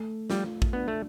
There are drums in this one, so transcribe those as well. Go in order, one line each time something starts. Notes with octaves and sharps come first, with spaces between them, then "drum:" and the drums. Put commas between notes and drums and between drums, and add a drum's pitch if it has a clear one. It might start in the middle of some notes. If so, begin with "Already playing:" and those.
Already playing: A3
G3 F4, drum: snare
drum: kick
B3 D4
A3